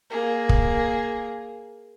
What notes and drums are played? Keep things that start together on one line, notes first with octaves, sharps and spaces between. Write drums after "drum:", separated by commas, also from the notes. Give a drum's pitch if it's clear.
A#3 G#4
drum: kick